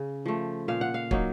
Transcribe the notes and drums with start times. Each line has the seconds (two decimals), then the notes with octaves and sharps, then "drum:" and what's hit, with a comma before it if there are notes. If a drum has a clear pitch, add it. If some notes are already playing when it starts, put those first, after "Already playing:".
Already playing: C#3
0.25 F3 A3
0.68 A#2 F5
0.81 F#5
0.94 F5
1.11 F#3 A#3 D#4, drum: kick